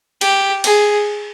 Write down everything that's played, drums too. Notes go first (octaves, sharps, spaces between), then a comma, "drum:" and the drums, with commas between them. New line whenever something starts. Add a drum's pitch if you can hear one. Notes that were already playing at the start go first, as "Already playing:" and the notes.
G4, drum: cymbal
G#4, drum: cymbal